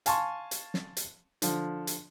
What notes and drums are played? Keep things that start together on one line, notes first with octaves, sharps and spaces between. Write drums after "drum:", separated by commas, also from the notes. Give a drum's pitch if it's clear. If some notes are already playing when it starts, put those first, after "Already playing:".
F5 G#5 A5 C6 C#6, drum: hi-hat
drum: hi-hat
drum: snare
drum: hi-hat
D3 F3, drum: hi-hat
drum: hi-hat